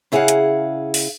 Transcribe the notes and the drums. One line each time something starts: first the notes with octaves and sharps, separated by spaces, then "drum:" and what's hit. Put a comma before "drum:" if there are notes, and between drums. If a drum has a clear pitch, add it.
C#3 E4 G#4 A#4 F5 F#5
drum: hi-hat
drum: open hi-hat